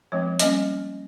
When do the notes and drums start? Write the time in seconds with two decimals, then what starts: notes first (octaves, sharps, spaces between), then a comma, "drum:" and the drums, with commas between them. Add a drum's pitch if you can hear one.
0.12 F3 G#3 C4 C#5
0.39 G3 A#3 C#4 D#5, drum: hi-hat